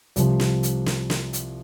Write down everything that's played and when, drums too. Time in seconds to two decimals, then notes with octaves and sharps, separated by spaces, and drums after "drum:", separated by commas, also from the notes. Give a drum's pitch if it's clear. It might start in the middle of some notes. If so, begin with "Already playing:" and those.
0.16 C2 C3 F3, drum: hi-hat
0.40 drum: snare
0.63 drum: hi-hat
0.86 drum: snare
1.10 drum: snare
1.33 drum: hi-hat